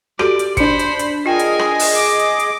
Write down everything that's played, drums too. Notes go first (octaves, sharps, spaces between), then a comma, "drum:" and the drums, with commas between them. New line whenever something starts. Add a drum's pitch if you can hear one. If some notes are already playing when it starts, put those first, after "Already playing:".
F#4 G4 A4 D5 D7, drum: rim click
drum: hi-hat
D4 C5 B5 C#7, drum: kick G#1, hi-hat
drum: hi-hat
drum: hi-hat
F4 G#4 A#4 D#5 G5 G#5
drum: hi-hat
drum: rim click
drum: open hi-hat
D6
drum: hi-hat
drum: hi-hat